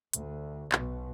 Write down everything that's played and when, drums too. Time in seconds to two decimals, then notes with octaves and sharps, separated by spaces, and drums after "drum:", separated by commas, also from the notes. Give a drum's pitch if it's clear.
0.13 D2, drum: hi-hat
0.72 B1 B2, drum: clap